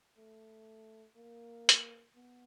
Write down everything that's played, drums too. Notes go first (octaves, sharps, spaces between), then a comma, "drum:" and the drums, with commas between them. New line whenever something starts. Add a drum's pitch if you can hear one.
A3
A#3
drum: hi-hat
B3